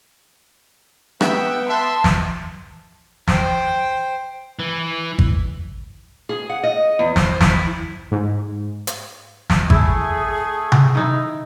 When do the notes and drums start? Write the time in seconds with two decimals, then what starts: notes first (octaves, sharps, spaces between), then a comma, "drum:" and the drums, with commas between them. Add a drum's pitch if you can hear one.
1.21 B3 E5 G5, drum: rim click
1.69 E5 A5 C6
2.04 drum: snare
3.28 C5 G5, drum: snare
4.59 E3
5.19 drum: kick G#1
6.29 G#4
6.50 F#5
6.64 D#5
6.99 E2
7.16 C5, drum: snare
7.41 E4, drum: snare
8.11 G#2
8.87 drum: hi-hat
9.50 drum: snare
9.70 A3 E4 G#4, drum: kick G#1
10.72 drum: tom C3
10.95 D#3 D#4 E4